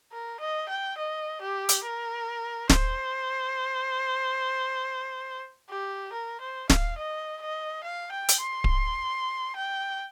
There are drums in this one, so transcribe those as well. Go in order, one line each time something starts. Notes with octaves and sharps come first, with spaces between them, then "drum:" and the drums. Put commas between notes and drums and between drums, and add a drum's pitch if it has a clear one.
A#4
D#5
G5
D#5
G4
drum: hi-hat
A#4
C5, drum: snare
G4
A#4
C5
F5, drum: snare
D#5
D#5
F5
G5
drum: hi-hat
C6
drum: kick D1
G5